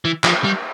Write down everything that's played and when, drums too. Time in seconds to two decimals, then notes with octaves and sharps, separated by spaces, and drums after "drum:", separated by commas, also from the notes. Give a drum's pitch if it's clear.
0.05 E3
0.24 F3, drum: clap
0.44 G3